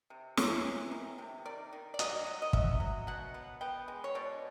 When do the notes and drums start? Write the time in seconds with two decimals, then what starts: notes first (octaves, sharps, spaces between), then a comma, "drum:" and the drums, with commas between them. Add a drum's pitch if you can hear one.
0.10 C3
0.37 C3 C#5, drum: snare
0.65 E3
0.91 D#3
1.18 C3
1.45 D#3 D5
1.73 D#3
1.94 D5
1.99 F#3 D#5, drum: hi-hat
2.26 F#3
2.42 D#5
2.53 F#3 E5, drum: kick
2.80 F#3
3.07 B2 F#5
3.34 B3
3.61 B3 G5
3.88 G#3
4.04 C#5
4.15 B2 D5